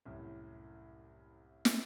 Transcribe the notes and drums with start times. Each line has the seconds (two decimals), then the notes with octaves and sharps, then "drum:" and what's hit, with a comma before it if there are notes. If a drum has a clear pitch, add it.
0.06 C2 F#2 A2
1.65 drum: snare